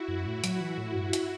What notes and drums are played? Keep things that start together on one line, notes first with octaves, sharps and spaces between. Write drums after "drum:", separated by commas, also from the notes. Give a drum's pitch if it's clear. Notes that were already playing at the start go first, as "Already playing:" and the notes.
Already playing: E4 F#4
F#2
A2
F#3, drum: hi-hat
E3
A2
G2
drum: hi-hat